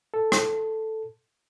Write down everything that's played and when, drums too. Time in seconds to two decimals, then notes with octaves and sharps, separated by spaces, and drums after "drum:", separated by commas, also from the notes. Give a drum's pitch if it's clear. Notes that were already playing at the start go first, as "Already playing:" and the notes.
0.14 A4
0.32 drum: rim click